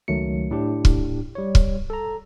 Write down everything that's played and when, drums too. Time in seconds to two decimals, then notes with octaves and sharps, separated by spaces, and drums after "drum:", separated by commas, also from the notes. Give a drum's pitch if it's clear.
0.08 C#2 D#3 F#3 A3 C#7
0.51 A2 D4 G4
0.85 drum: kick
1.35 G3 C#5
1.55 drum: kick
1.90 A4 A#5